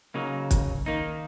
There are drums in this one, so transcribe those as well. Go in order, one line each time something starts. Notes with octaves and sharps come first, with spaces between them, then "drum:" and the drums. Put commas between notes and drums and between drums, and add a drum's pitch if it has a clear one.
C#3 F#3 A#3 D#4
drum: kick, hi-hat
D#3 A#3 D#4